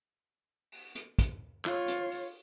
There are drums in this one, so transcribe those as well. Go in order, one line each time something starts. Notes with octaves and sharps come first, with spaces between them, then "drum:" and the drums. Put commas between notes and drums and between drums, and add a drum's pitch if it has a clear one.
drum: open hi-hat
drum: hi-hat
drum: kick, hi-hat
F4 C#5, drum: clap
drum: hi-hat
drum: open hi-hat